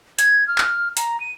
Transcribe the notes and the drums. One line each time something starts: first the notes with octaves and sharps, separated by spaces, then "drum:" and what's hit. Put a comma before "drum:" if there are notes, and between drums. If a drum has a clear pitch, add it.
G#6, drum: hi-hat
F6
drum: clap
A#5, drum: hi-hat
D#7